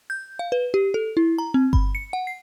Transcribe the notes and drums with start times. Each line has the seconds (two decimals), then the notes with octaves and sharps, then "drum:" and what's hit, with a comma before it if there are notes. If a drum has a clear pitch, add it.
0.10 G6
0.39 F5
0.52 B4
0.74 G4
0.94 A4
1.17 E4
1.38 A#5
1.54 C4
1.73 B5, drum: kick G1
1.95 C#7
2.13 F#5
2.27 C7